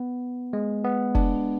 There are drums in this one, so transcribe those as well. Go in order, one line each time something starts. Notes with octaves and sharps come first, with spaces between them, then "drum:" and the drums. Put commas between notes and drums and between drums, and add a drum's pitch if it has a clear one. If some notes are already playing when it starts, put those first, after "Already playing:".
Already playing: B3
G#3
B3
D4, drum: kick